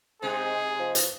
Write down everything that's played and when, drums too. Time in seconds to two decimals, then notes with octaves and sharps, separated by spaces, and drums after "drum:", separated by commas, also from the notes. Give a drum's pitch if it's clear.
0.22 C3 G#3 C4 D#4 G#4
0.79 F3
0.95 drum: hi-hat